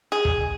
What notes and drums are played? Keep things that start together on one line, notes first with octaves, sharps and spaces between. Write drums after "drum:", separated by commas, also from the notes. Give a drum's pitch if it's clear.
G#4
drum: kick